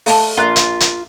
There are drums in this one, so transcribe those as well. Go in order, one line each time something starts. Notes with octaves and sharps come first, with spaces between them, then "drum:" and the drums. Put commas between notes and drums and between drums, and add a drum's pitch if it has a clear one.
A3 F5 A5, drum: open hi-hat
A#1 F4 A#4 F#6
drum: hi-hat
drum: hi-hat